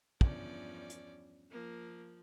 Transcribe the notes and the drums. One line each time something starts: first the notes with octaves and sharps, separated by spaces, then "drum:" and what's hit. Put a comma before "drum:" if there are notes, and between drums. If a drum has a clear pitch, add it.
E2 G2 F3 C#4 D5, drum: kick
drum: hi-hat
F3 A#3